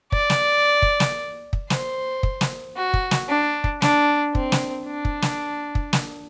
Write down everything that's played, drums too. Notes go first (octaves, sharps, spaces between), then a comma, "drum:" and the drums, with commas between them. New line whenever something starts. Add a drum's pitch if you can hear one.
D5, drum: kick
drum: snare
drum: kick
drum: snare
drum: kick
C5, drum: snare
drum: kick
drum: snare
F#4
drum: kick
drum: snare
D4
drum: kick
D4, drum: snare
C4, drum: kick
drum: snare
D4
drum: kick
drum: snare
drum: kick
drum: snare